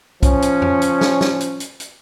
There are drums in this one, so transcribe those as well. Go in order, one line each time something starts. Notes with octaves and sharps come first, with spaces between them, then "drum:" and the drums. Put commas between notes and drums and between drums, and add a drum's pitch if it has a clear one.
F3 C#4, drum: kick B1, hi-hat
drum: hi-hat
drum: tom F2
drum: hi-hat
drum: snare
drum: snare
drum: hi-hat
drum: hi-hat
drum: hi-hat